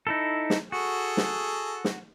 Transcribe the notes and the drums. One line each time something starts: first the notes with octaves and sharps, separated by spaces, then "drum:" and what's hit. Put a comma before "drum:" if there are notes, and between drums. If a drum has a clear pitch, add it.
D#4 E4 A4
drum: snare
F#4 G#4 A4
drum: snare
drum: snare